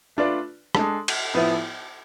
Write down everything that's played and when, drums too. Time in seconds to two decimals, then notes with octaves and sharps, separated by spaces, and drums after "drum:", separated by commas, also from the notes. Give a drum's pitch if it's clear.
0.17 A3 D4 F4 B4 D5
0.75 G#3 D4 A4, drum: rim click
1.08 drum: cymbal
1.34 A2 F3 B3 E4